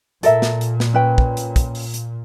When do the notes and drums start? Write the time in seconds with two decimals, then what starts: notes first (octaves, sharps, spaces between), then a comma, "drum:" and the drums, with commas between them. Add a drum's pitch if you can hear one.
0.23 A#2 A4 A#4 E5, drum: hi-hat
0.42 drum: snare
0.61 drum: hi-hat
0.80 drum: snare
0.93 C#4 B4 G5
1.18 drum: kick
1.37 drum: hi-hat
1.56 drum: kick, hi-hat
1.75 drum: open hi-hat
1.94 drum: hi-hat